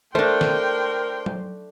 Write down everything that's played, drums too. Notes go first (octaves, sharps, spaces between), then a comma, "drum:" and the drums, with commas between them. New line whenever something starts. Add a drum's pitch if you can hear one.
A3 D4 A#4 C5 G5 C6
drum: snare
drum: tom F#3